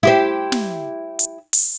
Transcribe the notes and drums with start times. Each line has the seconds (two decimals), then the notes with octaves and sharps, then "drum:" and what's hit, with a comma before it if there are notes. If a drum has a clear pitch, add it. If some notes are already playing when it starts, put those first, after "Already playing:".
0.03 E4 G4 C5
0.52 drum: snare
1.19 drum: hi-hat
1.53 drum: open hi-hat